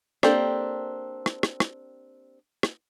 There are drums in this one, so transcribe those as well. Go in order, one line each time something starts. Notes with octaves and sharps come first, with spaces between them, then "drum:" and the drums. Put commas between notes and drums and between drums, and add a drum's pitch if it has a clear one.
A#3 C4 D4 G4 A4, drum: rim click
drum: rim click
drum: rim click
drum: rim click
drum: rim click